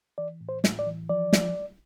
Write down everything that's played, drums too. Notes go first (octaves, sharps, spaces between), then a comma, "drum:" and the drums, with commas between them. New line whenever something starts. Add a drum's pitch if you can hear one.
E3 D5
A2
C5
A2, drum: snare
D5
E3
F3 D5
F3, drum: snare